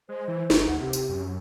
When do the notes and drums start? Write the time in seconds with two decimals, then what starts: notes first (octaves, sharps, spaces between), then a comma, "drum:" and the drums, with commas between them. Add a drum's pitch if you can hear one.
0.09 G#3 C5
0.28 E3
0.50 G1, drum: snare
0.67 D2 F#5
0.80 C3 G4
0.93 drum: tambourine
1.09 F#2